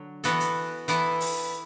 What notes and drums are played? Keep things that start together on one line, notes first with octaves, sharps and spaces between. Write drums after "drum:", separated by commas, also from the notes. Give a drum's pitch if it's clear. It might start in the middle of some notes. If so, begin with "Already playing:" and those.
Already playing: D3 F#3
E3 B3 F#4 A4, drum: hi-hat
drum: hi-hat
E3 B3 E4 A4, drum: hi-hat
drum: open hi-hat